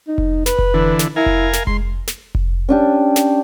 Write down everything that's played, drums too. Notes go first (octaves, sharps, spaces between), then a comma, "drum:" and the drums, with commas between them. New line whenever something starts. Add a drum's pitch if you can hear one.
D#4
drum: kick F1
B4, drum: snare
drum: kick F1
D3 E3
drum: snare
E4 A#4 F5 G#5
drum: kick F1
drum: snare
G#3 C6, drum: kick F1
drum: snare
drum: kick F1
C#4 D4 G4
drum: snare